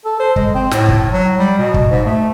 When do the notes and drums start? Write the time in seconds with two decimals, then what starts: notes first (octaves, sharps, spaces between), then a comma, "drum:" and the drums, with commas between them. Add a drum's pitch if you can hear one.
0.05 A4
0.20 C5
0.36 G#3, drum: kick
0.54 C4
0.71 A2, drum: snare
0.89 drum: kick
1.12 F#3
1.37 G3
1.58 B2
1.74 drum: kick
1.91 G#2
2.05 A3